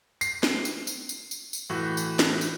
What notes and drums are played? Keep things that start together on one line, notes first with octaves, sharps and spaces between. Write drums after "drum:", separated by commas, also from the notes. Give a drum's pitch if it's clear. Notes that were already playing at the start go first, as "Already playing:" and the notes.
C7, drum: tambourine
drum: snare
drum: tambourine
drum: tambourine
drum: tambourine
drum: tambourine
drum: tambourine
A2 E3 F#4
drum: tambourine
drum: snare
drum: tambourine